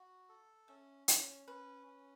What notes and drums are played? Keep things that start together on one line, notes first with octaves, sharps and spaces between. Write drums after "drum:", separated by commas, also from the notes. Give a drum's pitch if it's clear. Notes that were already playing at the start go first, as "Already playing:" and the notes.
Already playing: F#4 F#5
A4
C#4 E5
C#4 C#5, drum: hi-hat
C#4 B4
C#4